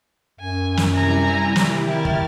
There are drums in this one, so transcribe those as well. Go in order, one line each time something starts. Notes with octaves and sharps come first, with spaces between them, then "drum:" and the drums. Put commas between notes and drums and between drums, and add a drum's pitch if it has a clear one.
F#2 G#5
drum: snare
C3 G3 E4 G#5 A#5
drum: snare
D#3 E4 G4 F6 A6
drum: kick